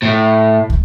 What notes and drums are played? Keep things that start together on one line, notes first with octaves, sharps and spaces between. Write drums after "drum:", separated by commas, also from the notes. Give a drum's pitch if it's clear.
A2
drum: kick